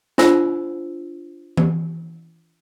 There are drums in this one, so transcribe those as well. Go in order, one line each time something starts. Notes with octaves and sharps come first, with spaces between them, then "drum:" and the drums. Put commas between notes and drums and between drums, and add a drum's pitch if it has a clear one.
D4 F4 C5 E6, drum: snare
drum: tom E3